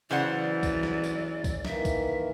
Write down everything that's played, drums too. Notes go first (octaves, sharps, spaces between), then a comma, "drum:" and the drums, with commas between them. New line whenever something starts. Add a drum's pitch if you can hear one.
C#3 E3 F#3 C5 D5 F#5
drum: kick C2, tambourine
drum: snare
drum: tambourine
drum: kick C2, tambourine
D#3 E3 A#3 E5, drum: snare
drum: kick C2, tambourine